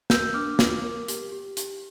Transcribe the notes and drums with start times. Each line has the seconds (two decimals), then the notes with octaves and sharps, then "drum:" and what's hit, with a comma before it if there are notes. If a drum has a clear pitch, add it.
0.10 A#4 E6 G6, drum: snare
0.34 D4 D6 F6
0.59 F4, drum: snare
0.83 A#4
1.08 G4, drum: hi-hat
1.32 G4
1.57 G4, drum: hi-hat